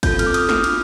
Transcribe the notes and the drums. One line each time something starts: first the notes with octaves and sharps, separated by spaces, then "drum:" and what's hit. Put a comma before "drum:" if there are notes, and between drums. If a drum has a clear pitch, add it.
C4 F4 A4 G6, drum: kick, cymbal
F6, drum: cymbal
D6
D#6, drum: cymbal
F6, drum: snare
D4 F4, drum: cymbal